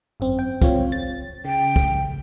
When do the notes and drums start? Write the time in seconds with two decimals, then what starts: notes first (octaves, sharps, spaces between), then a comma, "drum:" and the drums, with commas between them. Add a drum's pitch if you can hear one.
0.20 G#1 F#2 C4
0.39 G5
0.62 C4 F4 C#5, drum: kick
0.92 A6
1.45 C#3 G5
1.76 drum: kick